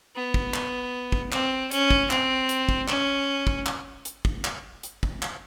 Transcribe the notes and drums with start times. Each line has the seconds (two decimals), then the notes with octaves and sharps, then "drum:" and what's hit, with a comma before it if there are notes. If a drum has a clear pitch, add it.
0.15 B3
0.34 drum: kick
0.54 drum: clap
1.12 drum: kick
1.32 C4, drum: clap
1.71 C#4, drum: hi-hat
1.91 drum: kick
2.11 C4, drum: clap
2.49 drum: hi-hat
2.69 drum: kick
2.88 C#4, drum: clap
3.47 drum: kick
3.66 drum: clap
4.05 drum: hi-hat
4.25 drum: kick
4.44 drum: clap
4.83 drum: hi-hat
5.03 drum: kick
5.22 drum: clap